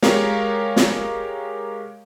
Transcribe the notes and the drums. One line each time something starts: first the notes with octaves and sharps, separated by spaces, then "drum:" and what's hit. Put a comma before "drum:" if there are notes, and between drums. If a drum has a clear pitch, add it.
G#3 G4 A#4 C#5 F5, drum: snare
drum: snare